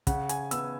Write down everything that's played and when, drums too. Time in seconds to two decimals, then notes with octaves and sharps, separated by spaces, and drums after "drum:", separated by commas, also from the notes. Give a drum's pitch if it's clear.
0.07 C#3 F#5, drum: kick, hi-hat
0.29 G#5, drum: hi-hat
0.51 B3 E6, drum: hi-hat